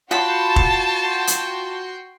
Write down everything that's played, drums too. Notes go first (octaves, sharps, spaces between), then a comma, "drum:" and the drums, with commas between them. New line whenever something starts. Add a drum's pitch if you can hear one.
F4 F#4 F#5 G5 A5 B5 C6
drum: kick
drum: hi-hat